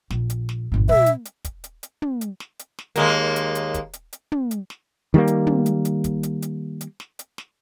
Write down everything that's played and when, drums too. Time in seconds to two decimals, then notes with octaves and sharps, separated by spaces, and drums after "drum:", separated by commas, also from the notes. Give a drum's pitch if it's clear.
0.10 A#1, drum: snare
0.30 drum: hi-hat
0.49 drum: snare
0.72 G1 A#2
0.89 B2 G3 E5, drum: tom
1.06 drum: hi-hat
1.25 drum: hi-hat
1.45 drum: kick, hi-hat
1.64 drum: hi-hat
1.83 drum: hi-hat
2.02 drum: tom
2.21 drum: hi-hat
2.40 drum: snare
2.59 drum: hi-hat
2.79 drum: snare
2.96 D#2 G#3 A#3, drum: hi-hat
3.36 drum: hi-hat
3.55 drum: hi-hat
3.74 drum: kick, hi-hat
3.93 drum: hi-hat
4.13 drum: hi-hat
4.32 drum: tom
4.51 drum: hi-hat
4.70 drum: snare
5.14 D#3 G3 A3 A#3
5.27 drum: hi-hat
5.47 drum: tom
5.66 drum: hi-hat
5.85 drum: hi-hat
6.04 drum: kick, hi-hat
6.23 drum: hi-hat
6.42 drum: hi-hat
6.81 drum: hi-hat
7.00 drum: snare
7.19 drum: hi-hat
7.38 drum: snare